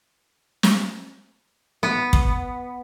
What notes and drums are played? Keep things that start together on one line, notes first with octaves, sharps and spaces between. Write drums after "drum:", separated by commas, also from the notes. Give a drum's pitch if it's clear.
drum: snare
B3
drum: kick